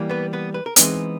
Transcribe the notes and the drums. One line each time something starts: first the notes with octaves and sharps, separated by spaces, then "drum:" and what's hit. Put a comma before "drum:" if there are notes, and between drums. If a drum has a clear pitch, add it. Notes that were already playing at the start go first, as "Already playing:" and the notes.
Already playing: E3 G3 A#3
B3 B4
B3 B4
B4
A#4
E3 G#3 B3 C4 D#4 B4, drum: hi-hat